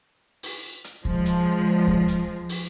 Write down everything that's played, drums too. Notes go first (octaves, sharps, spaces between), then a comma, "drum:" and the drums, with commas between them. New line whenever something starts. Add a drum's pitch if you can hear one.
drum: open hi-hat
drum: hi-hat
F3 G#3, drum: kick D2
drum: hi-hat
drum: kick D2
drum: hi-hat
drum: open hi-hat